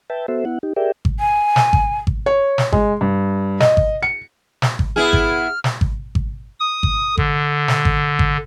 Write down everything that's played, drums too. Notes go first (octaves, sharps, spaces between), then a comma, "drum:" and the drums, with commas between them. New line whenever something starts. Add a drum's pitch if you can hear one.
B4 E5 G5 A5
B3 F#4 A4 C5 E5
B3 E4 F#5
D#4 G4
G4 G#4 A#4 D5 E5 G5
drum: kick G#1
G#5
drum: snare
drum: kick G#1
drum: kick G#1
C#5
drum: snare
G#3, drum: kick G#1
G2
D#5, drum: snare
drum: kick G#1
C#7
drum: snare
drum: kick G#1
B3 E4 G#4 F6
drum: kick G#1
drum: snare
drum: kick G#1
drum: kick G#1
D#6
drum: kick G#1
D3, drum: kick G#1
drum: snare
drum: kick G#1
drum: kick G#1